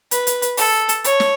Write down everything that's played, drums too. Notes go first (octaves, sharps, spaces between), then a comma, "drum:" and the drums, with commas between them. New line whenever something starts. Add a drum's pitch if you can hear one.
B4, drum: hi-hat
drum: hi-hat
drum: hi-hat
A4, drum: open hi-hat
drum: hi-hat
C#5, drum: hi-hat
drum: snare